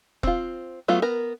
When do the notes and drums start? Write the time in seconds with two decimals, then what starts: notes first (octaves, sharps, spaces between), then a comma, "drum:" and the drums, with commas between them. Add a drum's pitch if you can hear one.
0.23 C4 F4, drum: kick E1
0.88 F#3 A3 B3 F4
1.02 B3 A#4